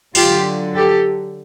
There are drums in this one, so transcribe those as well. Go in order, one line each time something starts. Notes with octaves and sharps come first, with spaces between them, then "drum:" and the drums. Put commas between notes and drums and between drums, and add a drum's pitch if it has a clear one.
D3 F#3 F4 G4, drum: open hi-hat
G4 A4